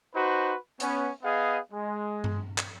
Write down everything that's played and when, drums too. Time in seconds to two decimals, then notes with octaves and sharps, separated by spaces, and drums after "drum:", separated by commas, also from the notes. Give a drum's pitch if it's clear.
0.15 D#4 F#4 B4 C5
0.80 B3 C#4, drum: hi-hat
1.23 B3 G#4 D#5 F5
1.72 G#3
2.24 drum: tom G2
2.58 drum: clap